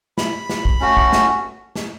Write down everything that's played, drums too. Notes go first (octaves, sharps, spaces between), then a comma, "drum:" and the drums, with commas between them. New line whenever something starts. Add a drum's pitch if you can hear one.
B5, drum: snare
drum: snare
drum: kick
A3 C#4 F#4
drum: kick
drum: snare
drum: snare